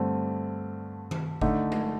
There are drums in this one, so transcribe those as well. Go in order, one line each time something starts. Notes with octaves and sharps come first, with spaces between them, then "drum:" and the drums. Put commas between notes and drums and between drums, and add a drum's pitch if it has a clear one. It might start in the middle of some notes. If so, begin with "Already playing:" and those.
Already playing: G2 D3 A3 C4
drum: tom D#3
D3 A3 D#4, drum: kick F#1
drum: tom G#3